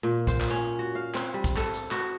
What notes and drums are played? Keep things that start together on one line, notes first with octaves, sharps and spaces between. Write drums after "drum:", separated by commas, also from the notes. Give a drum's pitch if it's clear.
A#2
C5, drum: kick A#1, hi-hat
drum: clap
C#4
F#4
F5
C4, drum: clap
G3
drum: kick A#1, hi-hat
A4, drum: clap
drum: hi-hat
F#4, drum: clap